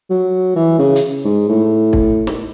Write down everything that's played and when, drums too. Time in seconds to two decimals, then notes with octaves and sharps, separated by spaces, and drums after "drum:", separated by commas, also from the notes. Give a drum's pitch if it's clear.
0.10 F#3
0.56 E3
0.79 C#3
0.96 drum: hi-hat
1.25 G#2
1.49 A2
1.93 drum: kick
2.27 drum: snare